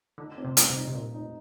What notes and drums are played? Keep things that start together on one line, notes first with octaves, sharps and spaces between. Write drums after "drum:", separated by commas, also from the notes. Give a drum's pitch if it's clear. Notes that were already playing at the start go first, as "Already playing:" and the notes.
D3 D#4
D3
C4
C3
G2, drum: hi-hat
C3
D#4
C3
A#2 D#4
D#4